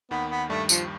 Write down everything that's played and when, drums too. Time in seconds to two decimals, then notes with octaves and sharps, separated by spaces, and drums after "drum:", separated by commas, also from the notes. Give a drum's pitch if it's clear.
0.11 D#2 D#3 B3
0.30 B3
0.50 G2 G3 A3
0.69 F3, drum: tambourine